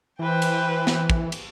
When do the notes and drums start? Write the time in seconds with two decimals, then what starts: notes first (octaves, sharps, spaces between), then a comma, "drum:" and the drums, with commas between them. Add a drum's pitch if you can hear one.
0.19 E3 B4 C5 G5
0.42 drum: cymbal
0.87 drum: snare
1.10 drum: kick
1.32 drum: cymbal